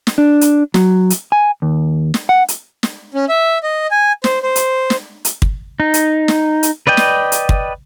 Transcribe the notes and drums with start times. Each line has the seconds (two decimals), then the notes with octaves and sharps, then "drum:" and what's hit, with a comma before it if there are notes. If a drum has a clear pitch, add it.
0.07 drum: snare
0.18 D4
0.41 drum: hi-hat
0.74 F#3, drum: snare
1.10 drum: hi-hat
1.32 G#5
1.62 D#2
2.14 drum: snare
2.29 F#5
2.48 drum: hi-hat
2.83 drum: snare
3.14 C#4
3.29 E5
3.63 D#5
3.91 G#5
4.24 C5, drum: snare
4.43 C5
4.56 drum: hi-hat
4.90 drum: snare
5.25 drum: hi-hat
5.42 drum: kick
5.80 D#4
5.94 drum: hi-hat
6.28 drum: snare
6.63 drum: hi-hat
6.87 B4 D5 D#5 G5
6.97 drum: snare
7.32 drum: hi-hat
7.49 drum: kick